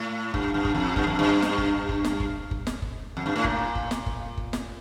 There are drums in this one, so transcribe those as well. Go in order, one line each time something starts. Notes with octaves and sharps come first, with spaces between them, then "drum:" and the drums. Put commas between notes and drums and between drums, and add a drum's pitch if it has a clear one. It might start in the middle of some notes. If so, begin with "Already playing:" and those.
Already playing: A2
G2, drum: kick F#1
G2
drum: kick F#1
F2
G2, drum: kick F#1
F2
G2
drum: snare
drum: kick F#1
drum: kick F#1
drum: snare
drum: kick F#1
drum: kick F#1
drum: snare
drum: kick F#1
F2
G2
A2
A#2, drum: kick F#1
drum: kick F#1
drum: snare
drum: kick F#1
drum: kick F#1
drum: snare